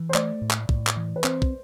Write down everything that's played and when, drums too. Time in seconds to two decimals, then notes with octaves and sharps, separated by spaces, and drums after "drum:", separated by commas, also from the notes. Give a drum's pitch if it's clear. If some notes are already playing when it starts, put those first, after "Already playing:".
Already playing: E3
0.09 C5
0.14 A3 D5, drum: clap
0.42 A2
0.51 drum: clap
0.69 A2, drum: kick
0.87 drum: clap
0.97 E3
1.16 B4
1.24 C4 C5, drum: clap
1.42 drum: kick